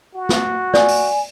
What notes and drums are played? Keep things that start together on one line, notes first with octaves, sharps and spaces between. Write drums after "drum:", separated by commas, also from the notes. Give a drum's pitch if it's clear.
F#4
drum: snare
D5 G#5, drum: snare
drum: open hi-hat